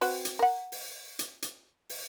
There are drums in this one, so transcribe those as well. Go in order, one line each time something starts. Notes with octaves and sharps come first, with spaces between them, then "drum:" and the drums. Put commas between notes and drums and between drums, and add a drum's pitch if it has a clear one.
C4 F#4 B4, drum: open hi-hat
drum: hi-hat
A#4 F#5
drum: open hi-hat
drum: hi-hat
drum: hi-hat
drum: open hi-hat